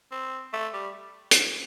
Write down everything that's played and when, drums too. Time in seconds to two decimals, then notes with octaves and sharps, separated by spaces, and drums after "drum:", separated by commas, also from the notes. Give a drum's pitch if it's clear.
0.12 C4
0.53 A3
0.74 G3
1.31 drum: hi-hat